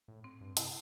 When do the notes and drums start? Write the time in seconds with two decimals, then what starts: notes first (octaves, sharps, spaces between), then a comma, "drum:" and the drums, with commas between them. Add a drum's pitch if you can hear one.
0.08 A2
0.24 C4
0.41 G2
0.57 C3 E4, drum: hi-hat